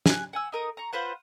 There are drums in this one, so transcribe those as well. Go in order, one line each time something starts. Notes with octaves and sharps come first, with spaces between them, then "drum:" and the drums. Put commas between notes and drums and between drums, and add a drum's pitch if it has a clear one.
G#5 F#6, drum: snare
F#5 G#5 E6
D#4 A#4 D#6
A#5 C#6
F4 B4 C5 F#5